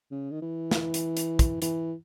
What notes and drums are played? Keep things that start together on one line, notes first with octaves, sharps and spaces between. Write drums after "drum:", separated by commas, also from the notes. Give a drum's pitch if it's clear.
C#3
D#3
E3
drum: snare
drum: hi-hat
drum: hi-hat
drum: kick, hi-hat
E3, drum: hi-hat